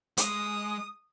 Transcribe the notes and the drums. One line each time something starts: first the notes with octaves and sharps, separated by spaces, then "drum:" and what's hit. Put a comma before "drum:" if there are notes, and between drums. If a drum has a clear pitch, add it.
G#3 D#6, drum: hi-hat